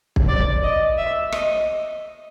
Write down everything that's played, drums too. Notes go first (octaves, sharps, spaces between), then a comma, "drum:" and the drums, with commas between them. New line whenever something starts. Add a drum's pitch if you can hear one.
drum: kick
D5
D#5
E5
D#5, drum: rim click